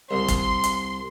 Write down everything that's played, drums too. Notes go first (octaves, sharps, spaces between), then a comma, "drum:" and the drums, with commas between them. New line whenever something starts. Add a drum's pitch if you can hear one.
C2 C6
drum: kick, hi-hat
drum: hi-hat